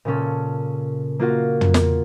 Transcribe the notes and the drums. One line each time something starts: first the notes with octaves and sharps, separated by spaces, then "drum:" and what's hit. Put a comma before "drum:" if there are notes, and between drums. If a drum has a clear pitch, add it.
A#2 C#3 C#4 A4
A#3 F4 F#4
drum: tom
drum: snare